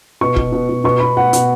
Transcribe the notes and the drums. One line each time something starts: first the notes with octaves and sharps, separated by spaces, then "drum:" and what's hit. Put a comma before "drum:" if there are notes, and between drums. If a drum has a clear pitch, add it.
B2 C#6
B2, drum: kick
B2
B2
B2 C#6
B2 B5
B2 F#5
B2, drum: hi-hat